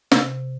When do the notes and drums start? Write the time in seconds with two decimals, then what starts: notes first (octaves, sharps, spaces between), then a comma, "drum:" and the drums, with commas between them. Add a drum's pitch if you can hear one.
0.12 C3, drum: snare